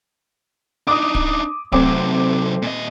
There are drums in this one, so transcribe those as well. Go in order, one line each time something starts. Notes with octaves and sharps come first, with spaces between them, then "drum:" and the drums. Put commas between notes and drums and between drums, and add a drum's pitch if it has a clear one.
D4 D#4 D6 D#6
drum: kick D1
C3 F#3 A3 C4 D6, drum: kick D1
A#2 D#5